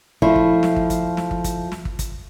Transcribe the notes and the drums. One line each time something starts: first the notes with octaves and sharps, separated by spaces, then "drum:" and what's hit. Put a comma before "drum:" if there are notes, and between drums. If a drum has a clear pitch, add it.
F3 A3 E4, drum: kick
drum: kick
drum: snare
drum: kick
drum: kick, hi-hat
drum: snare
drum: kick
drum: kick, hi-hat
drum: snare
drum: kick
drum: kick, hi-hat